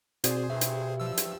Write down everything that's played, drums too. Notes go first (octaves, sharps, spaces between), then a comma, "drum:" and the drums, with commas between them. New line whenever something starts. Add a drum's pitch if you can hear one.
B2 C4 F#4 G#4 C5 D5, drum: hi-hat
G2 E5
drum: hi-hat
F3 E6
drum: hi-hat